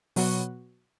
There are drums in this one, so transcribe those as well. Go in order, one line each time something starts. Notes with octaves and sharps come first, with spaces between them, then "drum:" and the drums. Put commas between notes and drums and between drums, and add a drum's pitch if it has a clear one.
B2 F#3 B3 F#4, drum: open hi-hat